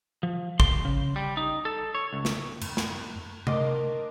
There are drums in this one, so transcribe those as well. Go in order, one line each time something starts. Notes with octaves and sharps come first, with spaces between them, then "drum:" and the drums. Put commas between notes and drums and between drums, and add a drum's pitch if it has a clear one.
F3
C6, drum: kick
C#3
G3
D#4
A4
C#5
C#2
drum: snare
F#2, drum: cymbal
drum: snare
D4 A#4 D#5 C6 D6, drum: tom C3